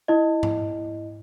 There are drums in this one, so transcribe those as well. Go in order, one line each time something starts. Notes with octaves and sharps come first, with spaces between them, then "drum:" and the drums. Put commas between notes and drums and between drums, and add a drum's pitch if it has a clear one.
E4 D#5
drum: tom G#2